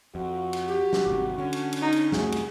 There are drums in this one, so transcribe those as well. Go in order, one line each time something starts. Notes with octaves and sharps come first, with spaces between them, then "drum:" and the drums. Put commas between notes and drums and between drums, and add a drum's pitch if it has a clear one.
F2 F#4
drum: cymbal
G4
drum: snare
G#1 C3
D3 C#4
drum: cymbal
drum: cymbal
D#4
drum: cymbal
C2 F2 A3 F#4 G#4, drum: snare
drum: cymbal